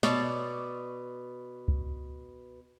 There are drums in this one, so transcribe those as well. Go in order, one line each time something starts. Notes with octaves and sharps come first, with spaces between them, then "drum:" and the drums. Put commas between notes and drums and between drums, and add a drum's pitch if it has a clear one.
B2 C#5 D5, drum: snare
drum: kick C#2